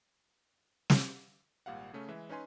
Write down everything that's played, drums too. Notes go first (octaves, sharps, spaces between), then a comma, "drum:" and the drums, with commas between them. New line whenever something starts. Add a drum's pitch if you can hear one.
drum: snare
G#1 A#2 G3 F5 F#5
C#3 A3 C#4
E3 G#3 E5
C#4 D#4 B4 G#5 C6